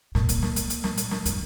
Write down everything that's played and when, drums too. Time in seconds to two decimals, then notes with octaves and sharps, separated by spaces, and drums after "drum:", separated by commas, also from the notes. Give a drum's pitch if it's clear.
0.15 A#2, drum: snare
0.29 drum: kick C#2, hi-hat
0.43 drum: snare
0.56 drum: hi-hat
0.70 drum: hi-hat
0.84 drum: snare
0.98 drum: hi-hat
1.11 drum: snare
1.26 D#3, drum: hi-hat